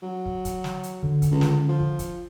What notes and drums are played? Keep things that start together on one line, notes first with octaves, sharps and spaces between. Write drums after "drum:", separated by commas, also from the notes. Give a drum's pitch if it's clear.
F#3
drum: kick
drum: kick, hi-hat
drum: snare
drum: hi-hat
D3, drum: kick
drum: kick, hi-hat
C#2
drum: snare
F3
drum: kick
drum: kick, hi-hat